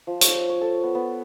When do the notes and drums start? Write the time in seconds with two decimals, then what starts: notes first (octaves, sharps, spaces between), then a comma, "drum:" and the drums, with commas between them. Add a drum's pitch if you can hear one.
0.07 F3
0.21 C#5, drum: hi-hat
0.49 C#5
0.61 A4
0.83 B3
0.95 B3